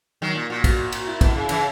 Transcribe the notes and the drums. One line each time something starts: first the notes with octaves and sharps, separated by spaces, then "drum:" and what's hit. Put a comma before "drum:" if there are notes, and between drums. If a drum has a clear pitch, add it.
D#3 F#3
A#2
A#2 F#4
drum: kick, cymbal
drum: cymbal
E4
B2, drum: kick, cymbal
C#3
C#3 E3, drum: cymbal